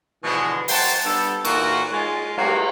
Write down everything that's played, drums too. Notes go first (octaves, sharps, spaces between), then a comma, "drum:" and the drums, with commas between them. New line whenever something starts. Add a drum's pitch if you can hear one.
B2 D3 E3 F3 G#3
F#3 C5 F#5 G5 A5 C6, drum: open hi-hat
G3 B3 D4 A4
A#2 E3 A#3 F#4, drum: cymbal
G#3 F4
F#3 G3 A3 A#3 C4 A#4, drum: cymbal